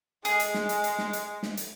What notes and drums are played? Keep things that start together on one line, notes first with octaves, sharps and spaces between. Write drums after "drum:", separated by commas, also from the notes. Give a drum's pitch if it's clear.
G#3 G#4, drum: hi-hat
drum: hi-hat
drum: snare
drum: hi-hat
drum: hi-hat
drum: snare
drum: hi-hat
drum: snare
drum: hi-hat